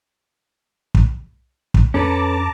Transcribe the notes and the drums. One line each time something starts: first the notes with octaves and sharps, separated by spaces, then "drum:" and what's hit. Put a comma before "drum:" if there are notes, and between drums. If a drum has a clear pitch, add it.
drum: kick
drum: kick
F2 C#4 A4 B4 A5 A#5 D6